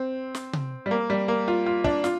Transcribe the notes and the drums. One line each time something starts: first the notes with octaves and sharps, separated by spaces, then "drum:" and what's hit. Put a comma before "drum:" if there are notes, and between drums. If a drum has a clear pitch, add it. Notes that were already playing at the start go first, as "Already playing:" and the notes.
Already playing: C4
drum: snare
drum: tom C3
G3
A#3
G3
A#3
F4
F4
D4, drum: kick
F4, drum: snare